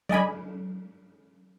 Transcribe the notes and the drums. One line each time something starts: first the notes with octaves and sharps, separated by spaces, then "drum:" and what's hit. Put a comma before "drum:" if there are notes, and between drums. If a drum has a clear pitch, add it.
D5 D#5 G#5 B5, drum: tom F#3